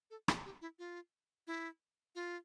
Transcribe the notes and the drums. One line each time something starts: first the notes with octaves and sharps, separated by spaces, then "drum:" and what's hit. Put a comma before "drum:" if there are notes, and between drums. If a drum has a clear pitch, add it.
A4
F4, drum: rim click
G4
E4
F4
E4
F4